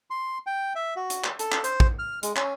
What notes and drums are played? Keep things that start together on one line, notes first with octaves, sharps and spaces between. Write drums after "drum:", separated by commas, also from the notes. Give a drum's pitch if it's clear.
C6
G5
E5
F#4
drum: hi-hat
drum: clap
A4, drum: hi-hat
drum: clap
C5, drum: hi-hat
drum: kick
F6
G#3, drum: hi-hat
C#4, drum: clap